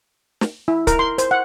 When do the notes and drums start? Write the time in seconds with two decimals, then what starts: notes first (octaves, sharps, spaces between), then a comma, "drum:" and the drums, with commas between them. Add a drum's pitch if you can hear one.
0.41 drum: snare
0.68 E4
0.87 A#4, drum: kick C#1, hi-hat
0.99 C6
1.18 C5, drum: hi-hat
1.31 F#5